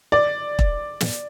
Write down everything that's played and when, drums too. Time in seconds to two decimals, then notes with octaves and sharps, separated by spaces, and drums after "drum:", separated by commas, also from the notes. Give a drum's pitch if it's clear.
0.12 D5
0.59 drum: kick E1
1.00 drum: snare